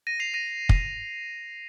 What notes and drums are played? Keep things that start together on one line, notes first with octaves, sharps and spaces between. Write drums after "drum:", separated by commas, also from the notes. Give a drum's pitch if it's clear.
A#6 D#7
C7 F7
A#6 D#7
drum: kick